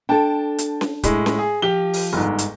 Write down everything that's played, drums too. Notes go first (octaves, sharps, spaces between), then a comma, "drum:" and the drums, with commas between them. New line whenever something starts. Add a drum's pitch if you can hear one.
D4 A4 G5 A5
drum: hi-hat
drum: snare C#4
A2 G#3, drum: kick, hi-hat
drum: snare C#4
G#4
F3 G4 G7
drum: open hi-hat
G1 G#2
drum: hi-hat